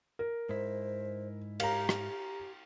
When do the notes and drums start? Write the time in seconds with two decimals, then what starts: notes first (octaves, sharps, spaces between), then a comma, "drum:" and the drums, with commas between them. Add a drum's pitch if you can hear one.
0.19 A#4
0.49 G#2 E4 C5
1.60 G4 F5 A#5, drum: cymbal
1.89 drum: rim click